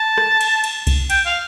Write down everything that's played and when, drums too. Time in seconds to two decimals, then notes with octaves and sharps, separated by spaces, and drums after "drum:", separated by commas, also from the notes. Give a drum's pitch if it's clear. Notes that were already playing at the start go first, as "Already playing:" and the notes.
Already playing: A5
0.18 drum: rim click
0.41 drum: cymbal
0.64 drum: cymbal
0.87 drum: kick C2, cymbal
1.10 G5, drum: cymbal
1.25 F5